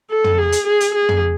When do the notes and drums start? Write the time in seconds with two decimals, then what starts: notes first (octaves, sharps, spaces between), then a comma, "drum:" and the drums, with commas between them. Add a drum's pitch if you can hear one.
0.10 A4
0.24 drum: tom
0.38 G#4
0.52 drum: hi-hat
0.67 G#4
0.80 drum: hi-hat
0.94 G#4
1.09 drum: tom